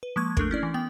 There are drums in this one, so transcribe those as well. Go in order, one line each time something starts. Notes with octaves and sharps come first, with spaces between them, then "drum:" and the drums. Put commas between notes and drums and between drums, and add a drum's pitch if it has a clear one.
B4
F3 G#3 A#3 C#6 G#6
A3 D4 A4 A#4, drum: kick
C#4 E4 D5
E3
B3 G5 F#7